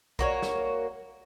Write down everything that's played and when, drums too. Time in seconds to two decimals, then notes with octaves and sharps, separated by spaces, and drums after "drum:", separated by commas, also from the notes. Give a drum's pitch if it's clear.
0.19 A#3 F#4 C#5, drum: kick B1
0.42 drum: snare